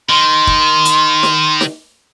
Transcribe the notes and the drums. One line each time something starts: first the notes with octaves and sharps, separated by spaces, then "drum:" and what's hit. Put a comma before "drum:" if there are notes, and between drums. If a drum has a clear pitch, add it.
D#3 C6
drum: kick
drum: hi-hat
drum: snare
drum: snare